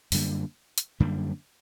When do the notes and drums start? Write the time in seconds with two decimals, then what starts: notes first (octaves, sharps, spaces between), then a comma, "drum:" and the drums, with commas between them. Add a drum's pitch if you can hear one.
0.12 F#2 D3 G3 A#3, drum: open hi-hat
0.78 drum: hi-hat
1.00 F#2 D3 G3 A#3